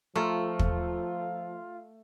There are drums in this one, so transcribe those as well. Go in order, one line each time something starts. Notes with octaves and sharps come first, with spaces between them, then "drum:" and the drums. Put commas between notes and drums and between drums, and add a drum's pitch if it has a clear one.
F3 A3 F4 A4 A#5
drum: kick